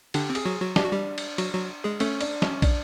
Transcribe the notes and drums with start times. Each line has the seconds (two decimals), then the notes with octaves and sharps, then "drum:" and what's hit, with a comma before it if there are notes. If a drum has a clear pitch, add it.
0.14 D3 D4 G4, drum: cymbal
0.30 C4
0.35 G#4, drum: cymbal
0.45 F#3 F#4
0.61 F#3 F#4
0.76 D4 G4, drum: snare
0.84 F#4
0.91 G3 G4
1.18 drum: cymbal
1.38 F#3 F#4, drum: cymbal
1.54 F#3 F#4
1.84 G#3 G#4
2.00 A3 C#4 A4, drum: cymbal
2.21 D4, drum: cymbal
2.42 C#4, drum: snare
2.62 D4, drum: kick, cymbal